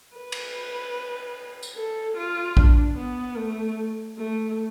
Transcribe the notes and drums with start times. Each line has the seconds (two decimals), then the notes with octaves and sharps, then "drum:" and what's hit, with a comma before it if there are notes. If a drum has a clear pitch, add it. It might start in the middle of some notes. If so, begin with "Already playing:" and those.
0.16 B4
0.32 drum: cymbal
1.63 drum: tambourine
1.77 A4
2.17 F4
2.57 D4, drum: kick A#1
2.97 B3
3.37 A3
4.18 A3